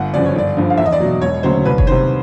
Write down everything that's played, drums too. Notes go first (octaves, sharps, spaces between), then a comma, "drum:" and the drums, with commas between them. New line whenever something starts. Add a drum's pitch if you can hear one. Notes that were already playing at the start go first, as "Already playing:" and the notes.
Already playing: G1 F#5
F#2 C#3 F3 D5
C#5
G1 D5
G2 D3 F3
F5
E2 E5
D#5
D5
B2 F#3
E1 C#5
D2 C#3 F#3 C5
C2 B4
C#5, drum: kick F#1
C3 D#3 C5